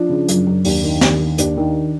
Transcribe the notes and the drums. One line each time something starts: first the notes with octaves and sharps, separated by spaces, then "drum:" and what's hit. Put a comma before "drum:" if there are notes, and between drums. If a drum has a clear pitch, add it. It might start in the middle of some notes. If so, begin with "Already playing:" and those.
Already playing: F3 D4
C#3
F#2, drum: hi-hat
F#2
D#2 D4, drum: open hi-hat
D#3
D#2, drum: snare
D#3
D#2 D4, drum: hi-hat
D#3